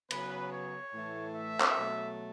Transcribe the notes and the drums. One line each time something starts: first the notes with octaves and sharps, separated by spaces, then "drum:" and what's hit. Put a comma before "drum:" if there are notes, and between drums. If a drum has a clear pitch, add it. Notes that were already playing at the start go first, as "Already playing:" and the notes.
C#3 F#3 B3 B4, drum: cymbal
C#5
A2 E3 A3
E5
drum: clap
B2 F#3 A3